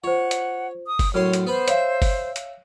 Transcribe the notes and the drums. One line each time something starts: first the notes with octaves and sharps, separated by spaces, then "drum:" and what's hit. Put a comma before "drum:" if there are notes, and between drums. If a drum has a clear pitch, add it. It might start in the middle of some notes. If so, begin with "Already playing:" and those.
F4 C5 C#5 F#5
drum: hi-hat
D#6
drum: kick F#1, open hi-hat
F#2 A2 C#5 C6 F6
drum: hi-hat
B3 B4 C5
C#5 E5 F5, drum: hi-hat
drum: kick F#1, open hi-hat
drum: hi-hat